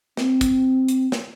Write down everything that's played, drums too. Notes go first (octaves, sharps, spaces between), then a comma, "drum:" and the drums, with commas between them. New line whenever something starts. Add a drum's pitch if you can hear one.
C4, drum: snare
drum: kick, hi-hat
drum: hi-hat
drum: snare